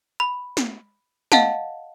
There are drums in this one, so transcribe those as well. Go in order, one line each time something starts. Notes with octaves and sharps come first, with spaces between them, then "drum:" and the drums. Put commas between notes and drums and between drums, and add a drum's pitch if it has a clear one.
B5
drum: snare
D#5 F5 F#5 A5, drum: snare